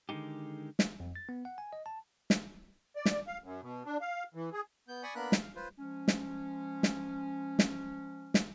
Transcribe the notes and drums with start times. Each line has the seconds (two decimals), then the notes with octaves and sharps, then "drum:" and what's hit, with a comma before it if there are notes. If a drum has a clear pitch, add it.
0.09 D3 D#3 G#3 D#4 G4
0.79 drum: snare
1.00 F2
1.15 A6
1.29 B3
1.45 F#5
1.58 G#5
1.73 D#5
1.86 A5
2.30 drum: snare
2.96 D5
3.05 drum: snare
3.27 F5
3.44 F#2
3.62 B2
3.86 D4
4.01 F5
4.35 E3
4.53 G#4
4.88 B3 G6
5.03 D5 G#5 B5 C#6 D#6
5.15 A#3 B3 D4 A#4 B5 F#6
5.32 drum: snare
5.41 F5
5.55 F4 B4 C5
5.79 F3 G#3 C#4
6.08 drum: snare
6.83 drum: snare
7.59 drum: snare
8.34 drum: snare